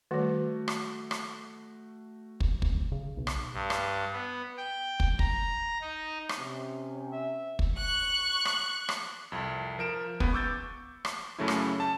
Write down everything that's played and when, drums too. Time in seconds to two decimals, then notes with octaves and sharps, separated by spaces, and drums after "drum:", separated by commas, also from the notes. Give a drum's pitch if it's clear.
0.11 D#3 G3 A3 F#4
0.68 drum: rim click
1.11 drum: rim click
2.40 drum: kick
2.62 drum: kick
2.72 D1
2.92 C#3
3.17 B1
3.27 drum: rim click
3.53 G2
3.70 drum: rim click
4.12 B3
4.57 G5
5.00 drum: kick
5.19 A#5, drum: kick
5.81 D#4
6.29 drum: rim click
6.38 C3 C#4
7.12 E5
7.59 drum: kick
7.76 C#6 F#6
8.45 drum: rim click
8.89 drum: rim click
9.32 C2 F2
9.78 F3 A#4 D7 E7
10.20 C#2 B3, drum: kick
10.33 C#6 D6 E6 G6 A6
11.05 drum: rim click
11.39 F#2 C#3 F#3 A3 C#4 E4
11.48 drum: rim click
11.80 A5